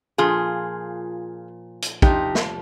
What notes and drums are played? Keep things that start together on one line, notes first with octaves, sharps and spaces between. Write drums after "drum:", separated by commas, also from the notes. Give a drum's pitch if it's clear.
A#2 F3 F4 G#4
drum: hi-hat
C3 F3 D#4 G4, drum: kick
drum: snare